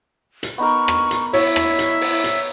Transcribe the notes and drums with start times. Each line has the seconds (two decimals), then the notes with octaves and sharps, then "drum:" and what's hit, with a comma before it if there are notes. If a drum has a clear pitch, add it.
0.43 drum: hi-hat
0.58 B3 D#4 A#4 C#6
0.88 drum: rim click
1.11 drum: hi-hat
1.33 E4 C#5 E5, drum: open hi-hat
1.56 drum: rim click
1.79 drum: hi-hat
2.01 drum: open hi-hat
2.24 drum: hi-hat